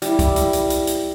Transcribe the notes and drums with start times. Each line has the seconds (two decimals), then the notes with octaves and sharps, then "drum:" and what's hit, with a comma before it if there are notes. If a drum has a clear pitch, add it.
0.02 G3 E4, drum: hi-hat
0.19 drum: kick C2, hi-hat
0.36 drum: hi-hat
0.53 drum: hi-hat
0.70 drum: hi-hat
0.87 drum: hi-hat